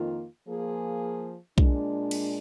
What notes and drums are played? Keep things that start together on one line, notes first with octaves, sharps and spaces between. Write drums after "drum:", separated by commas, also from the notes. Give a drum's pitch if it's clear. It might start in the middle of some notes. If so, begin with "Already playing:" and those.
Already playing: F2 D#3 A#3 F4
F3 A#3 F4 G#4
A#2 G#3 D4, drum: kick B1
drum: cymbal